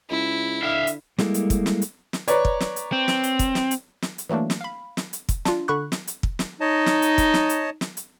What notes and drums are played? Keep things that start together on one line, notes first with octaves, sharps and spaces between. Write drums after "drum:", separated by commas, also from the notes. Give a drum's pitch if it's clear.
C#2 E4
D3 E5 F5
drum: hi-hat
G3 G#3 A#3 E4 A4, drum: snare
drum: hi-hat
drum: kick, hi-hat
drum: snare
drum: hi-hat
drum: snare
B4 C#5 D5 A#5, drum: hi-hat
drum: kick
drum: snare
drum: hi-hat
C4
drum: snare
drum: hi-hat
drum: kick, hi-hat
drum: snare
drum: hi-hat
drum: snare
drum: hi-hat
E3 F#3 A3 A#3 D4
drum: snare
F5 B5
drum: snare
drum: hi-hat
drum: kick, hi-hat
D4 F4, drum: snare
D3 B5 C#6 F#6
drum: snare
drum: hi-hat
drum: kick
drum: snare
D#4 C#5 D#5 A5
drum: snare
drum: hi-hat
drum: kick, hi-hat
drum: snare
drum: hi-hat
drum: snare
drum: hi-hat